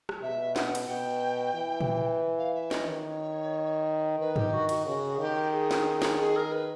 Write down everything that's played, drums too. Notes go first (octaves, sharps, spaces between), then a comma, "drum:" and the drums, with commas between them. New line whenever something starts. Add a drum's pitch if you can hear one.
drum: rim click
B2 E5
F#5, drum: snare
drum: cymbal
B2 G5
E3
drum: tom A#2
F5
E5
D#5, drum: snare
D#3 C#5
D#3 B4
G4, drum: tom G2
F#4
F#4, drum: cymbal
C#3 F#4
G#4
D#3 G4
G#4
drum: snare
drum: snare
G#4
A#4
B4